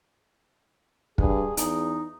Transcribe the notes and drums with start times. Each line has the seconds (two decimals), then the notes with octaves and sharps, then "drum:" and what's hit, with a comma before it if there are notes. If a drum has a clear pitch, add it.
1.18 G2 G#4, drum: kick
1.57 E2 D#4, drum: hi-hat